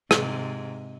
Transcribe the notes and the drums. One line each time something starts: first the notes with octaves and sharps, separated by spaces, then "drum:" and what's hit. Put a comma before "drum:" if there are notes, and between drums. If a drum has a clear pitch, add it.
G#2 C3, drum: rim click